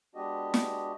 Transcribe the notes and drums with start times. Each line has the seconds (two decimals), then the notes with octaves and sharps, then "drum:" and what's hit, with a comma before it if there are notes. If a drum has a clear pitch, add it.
0.15 G#3 B3 D4 F#4 G4 D#5
0.54 drum: snare